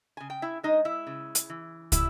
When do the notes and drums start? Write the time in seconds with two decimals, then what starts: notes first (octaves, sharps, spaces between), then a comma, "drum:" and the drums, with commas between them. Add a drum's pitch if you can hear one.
0.17 C#3 G#5
0.30 G5
0.42 E4 E5
0.63 G#3 D#4 D#5
0.85 E4 E5
1.07 C#3
1.35 drum: hi-hat
1.50 E3
1.92 G3 E4 E5, drum: kick, hi-hat